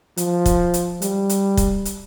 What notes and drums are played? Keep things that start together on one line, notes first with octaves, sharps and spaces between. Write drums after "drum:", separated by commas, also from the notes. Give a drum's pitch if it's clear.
F3, drum: hi-hat
drum: kick, hi-hat
drum: hi-hat
G3, drum: hi-hat
drum: hi-hat
drum: kick, hi-hat
drum: hi-hat